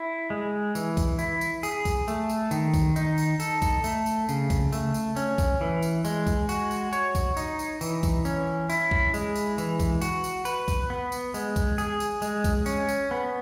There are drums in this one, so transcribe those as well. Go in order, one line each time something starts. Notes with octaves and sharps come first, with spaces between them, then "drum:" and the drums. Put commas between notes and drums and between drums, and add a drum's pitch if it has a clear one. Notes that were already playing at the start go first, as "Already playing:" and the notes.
Already playing: E4
G#3
E3, drum: tambourine
drum: kick B1, tambourine
E4, drum: tambourine
drum: tambourine
G#4, drum: tambourine
drum: kick B1, tambourine
A3, drum: tambourine
drum: tambourine
D#3, drum: tambourine
drum: kick B1, tambourine
D#4, drum: tambourine
drum: tambourine
A4, drum: tambourine
drum: kick B1, tambourine
A3, drum: tambourine
drum: tambourine
C#3, drum: tambourine
drum: kick B1, tambourine
A3, drum: tambourine
drum: tambourine
C#4, drum: tambourine
drum: kick B1, tambourine
E3
drum: tambourine
G#3, drum: tambourine
drum: kick B1, tambourine
F#4, drum: tambourine
drum: tambourine
C#5, drum: tambourine
drum: kick B1, tambourine
D#4, drum: tambourine
drum: tambourine
E3, drum: tambourine
drum: kick B1, tambourine
C#4, drum: tambourine
E4, drum: tambourine
drum: kick B1
G#3, drum: tambourine
drum: tambourine
E3, drum: tambourine
drum: kick B1, tambourine
F#4, drum: tambourine
drum: tambourine
B4, drum: tambourine
drum: kick B1, tambourine
B3
drum: tambourine
G#3, drum: tambourine
drum: kick B1, tambourine
G#4, drum: tambourine
drum: tambourine
G#3, drum: tambourine
drum: kick B1, tambourine
C#4, drum: tambourine
drum: tambourine
B3